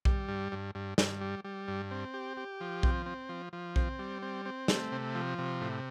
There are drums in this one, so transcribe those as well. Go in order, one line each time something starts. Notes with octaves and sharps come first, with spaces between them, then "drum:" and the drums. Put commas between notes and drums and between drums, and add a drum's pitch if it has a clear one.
G3, drum: kick B1
G2
G2
G2
G2, drum: snare
G3
G3
G2
C4
G4
G4
F3
C4, drum: kick B1
C4
F3
F3
C4, drum: kick B1
G3
C4
C4
A3, drum: snare
C3
F3
C3
A2